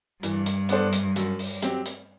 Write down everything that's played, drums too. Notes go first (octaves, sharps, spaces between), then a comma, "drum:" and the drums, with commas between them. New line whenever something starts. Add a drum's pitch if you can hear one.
G2 E3, drum: hi-hat
drum: hi-hat
B3 D4 A4 C5, drum: hi-hat
drum: hi-hat
F#2, drum: hi-hat
drum: open hi-hat
F#3 C4 G4, drum: hi-hat
drum: hi-hat